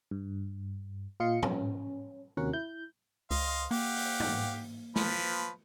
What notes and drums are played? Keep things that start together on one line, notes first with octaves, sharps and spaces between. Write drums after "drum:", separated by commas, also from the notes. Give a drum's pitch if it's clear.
G2
A#2 F4 D#5 F5 C6 C#7
C#4, drum: tom G#2
D#2 C3 C#4 F#4 A#4 F#5
E4 G6
C#2 D#5 F5 C6, drum: open hi-hat
A#3 G4 F5 F#5, drum: open hi-hat
drum: open hi-hat
drum: tom G#2
F3 B4, drum: snare